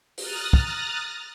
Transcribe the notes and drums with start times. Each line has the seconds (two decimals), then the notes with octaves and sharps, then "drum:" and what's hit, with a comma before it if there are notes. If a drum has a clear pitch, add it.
0.17 A#5 D#6 F6 F#6 A6 A#6, drum: open hi-hat
0.53 drum: kick